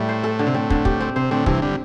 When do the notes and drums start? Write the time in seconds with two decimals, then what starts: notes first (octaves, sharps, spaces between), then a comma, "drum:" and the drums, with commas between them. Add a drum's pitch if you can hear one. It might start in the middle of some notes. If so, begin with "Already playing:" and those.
Already playing: A2 G3 E4
0.09 C5
0.24 A4
0.39 D3
0.46 C3
0.54 A2 C4
0.70 D3, drum: kick
0.85 G4, drum: kick
1.00 C4
1.16 C3 C5
1.31 A2 D3 C4
1.46 G2 C3 E3, drum: kick
1.62 D3 G3